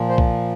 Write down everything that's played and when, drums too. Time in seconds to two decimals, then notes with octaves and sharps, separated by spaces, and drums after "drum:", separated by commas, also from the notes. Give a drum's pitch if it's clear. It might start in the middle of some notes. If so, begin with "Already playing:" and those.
Already playing: A#2 F3
0.09 C5
0.18 drum: kick B1